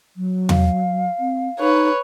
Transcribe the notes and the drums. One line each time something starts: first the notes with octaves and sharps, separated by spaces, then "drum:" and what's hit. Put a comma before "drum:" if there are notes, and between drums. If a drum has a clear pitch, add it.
F#3
F5, drum: tom E2
C4
D#4 B4 C#5